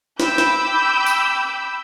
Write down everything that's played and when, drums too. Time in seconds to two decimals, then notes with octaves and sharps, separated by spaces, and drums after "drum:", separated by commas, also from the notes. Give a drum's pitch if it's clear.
0.20 G5 B5 D6 E6 G6, drum: snare
0.38 drum: snare
1.06 drum: tambourine